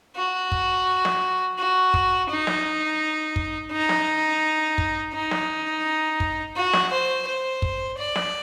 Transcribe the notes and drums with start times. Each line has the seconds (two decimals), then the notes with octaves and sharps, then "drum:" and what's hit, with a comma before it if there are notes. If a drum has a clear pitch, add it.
0.16 F#4
0.52 drum: kick
1.05 drum: snare
1.58 F#4
1.94 drum: kick
2.29 D#4
2.47 drum: snare
3.36 drum: kick
3.72 D#4
3.89 drum: snare
4.78 drum: kick
5.14 D#4
5.31 drum: snare
6.20 drum: kick
6.56 F#4
6.73 drum: snare
6.92 C5
7.27 C5
7.62 drum: kick
7.98 D5
8.16 drum: snare